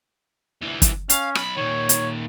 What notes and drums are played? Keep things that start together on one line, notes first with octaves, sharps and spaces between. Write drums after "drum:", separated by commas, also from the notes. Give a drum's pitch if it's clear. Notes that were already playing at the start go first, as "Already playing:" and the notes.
D2 E3
drum: kick, hi-hat
C#4 F5, drum: hi-hat
B1 B5, drum: rim click
A#2 D#3 C#5
drum: hi-hat